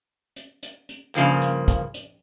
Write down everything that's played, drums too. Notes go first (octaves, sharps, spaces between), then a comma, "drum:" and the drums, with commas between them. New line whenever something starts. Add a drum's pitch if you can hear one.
drum: hi-hat
drum: hi-hat
drum: hi-hat
G2 C#3 F3 A#3, drum: clap
drum: hi-hat
drum: kick, hi-hat
drum: hi-hat